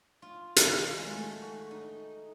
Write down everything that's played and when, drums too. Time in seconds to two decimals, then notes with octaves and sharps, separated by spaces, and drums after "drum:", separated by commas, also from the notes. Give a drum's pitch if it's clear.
0.22 F4
0.56 D#3, drum: hi-hat
0.79 F5
0.97 G#3
1.12 A3
1.42 F#4
1.71 D#4